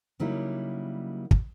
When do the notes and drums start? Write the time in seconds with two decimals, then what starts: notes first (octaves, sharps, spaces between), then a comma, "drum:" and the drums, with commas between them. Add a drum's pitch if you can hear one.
0.20 C#3 F#3 G3 A#3 D#4 E4
1.31 drum: kick